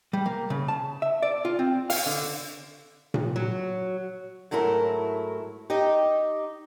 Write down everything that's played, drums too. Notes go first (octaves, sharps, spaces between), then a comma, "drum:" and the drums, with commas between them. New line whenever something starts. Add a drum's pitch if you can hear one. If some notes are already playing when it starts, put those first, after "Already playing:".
G3
A#3
C#3
A5
E5
D5
F4
C4
F5, drum: open hi-hat
D3
drum: tom A#2
F#3
G#2 F#3 A3 E4 A#4
D#4 G4 D#5